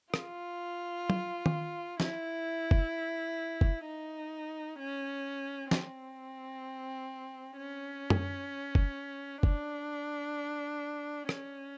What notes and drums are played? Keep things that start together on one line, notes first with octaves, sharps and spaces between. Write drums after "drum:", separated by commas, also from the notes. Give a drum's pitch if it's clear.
F4, drum: rim click
drum: tom
drum: tom D#3
E4, drum: snare
drum: kick
drum: kick
D#4
C#4
C4, drum: snare
C#4
drum: tom F#2
drum: kick
D4, drum: kick
C#4, drum: rim click